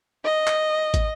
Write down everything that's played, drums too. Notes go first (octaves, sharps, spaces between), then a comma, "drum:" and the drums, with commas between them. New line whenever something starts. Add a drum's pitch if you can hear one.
D#5
drum: clap
drum: kick, hi-hat